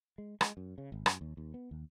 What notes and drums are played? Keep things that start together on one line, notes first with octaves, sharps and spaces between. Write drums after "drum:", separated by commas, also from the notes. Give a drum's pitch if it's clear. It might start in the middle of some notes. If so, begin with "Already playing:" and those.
G#3
G#3, drum: rim click
F#2
C#3
G#1
F#2, drum: rim click
D#2
D#2
B3
D#2